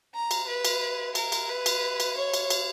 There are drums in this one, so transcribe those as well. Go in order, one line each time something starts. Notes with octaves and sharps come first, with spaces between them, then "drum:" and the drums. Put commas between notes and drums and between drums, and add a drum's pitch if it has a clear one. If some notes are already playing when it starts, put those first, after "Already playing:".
A#5
drum: cymbal
B4
drum: cymbal
A#4, drum: cymbal
drum: cymbal
B4
drum: cymbal
drum: cymbal
C#5
drum: cymbal
drum: cymbal